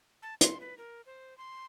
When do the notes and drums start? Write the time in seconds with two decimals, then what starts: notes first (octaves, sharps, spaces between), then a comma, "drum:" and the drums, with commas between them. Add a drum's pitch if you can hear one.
0.22 A5
0.41 C6, drum: hi-hat
0.60 B4
0.78 A#4
1.06 C5
1.38 C6